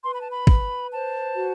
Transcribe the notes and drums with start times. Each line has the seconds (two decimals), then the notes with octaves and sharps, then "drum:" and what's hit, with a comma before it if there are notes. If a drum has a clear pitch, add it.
0.03 B4 C6
0.12 B5
0.20 A5
0.30 B5
0.47 B4, drum: kick
0.93 C5 A5
1.37 F#4